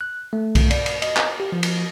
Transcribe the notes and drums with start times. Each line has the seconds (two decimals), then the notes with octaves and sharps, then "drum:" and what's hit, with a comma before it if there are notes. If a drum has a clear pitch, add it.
0.01 F#6
0.33 A3
0.55 drum: kick B1, cymbal
0.71 D5, drum: cymbal
0.86 drum: cymbal
1.02 D#5, drum: cymbal
1.17 drum: clap
1.40 G4
1.52 F3
1.63 drum: cymbal